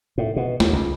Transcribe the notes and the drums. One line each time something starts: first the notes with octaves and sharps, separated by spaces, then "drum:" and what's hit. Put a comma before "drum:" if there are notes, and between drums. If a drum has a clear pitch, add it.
A2
B2
D#2, drum: snare
C#2